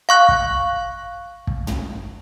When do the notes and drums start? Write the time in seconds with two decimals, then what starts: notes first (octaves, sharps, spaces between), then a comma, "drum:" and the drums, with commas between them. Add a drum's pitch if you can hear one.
0.09 F5 C#6 F#6
0.29 drum: kick
1.47 drum: kick
1.67 drum: tom